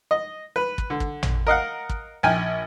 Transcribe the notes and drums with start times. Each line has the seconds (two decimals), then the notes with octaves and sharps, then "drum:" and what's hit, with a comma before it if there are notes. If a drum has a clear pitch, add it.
0.11 D#5
0.56 B4
0.78 drum: kick
0.90 D3
1.00 drum: kick
1.23 drum: tom A1
1.47 A#4 D#5 F5 F#5
1.89 drum: kick
2.23 A#1 G5 G#5 F6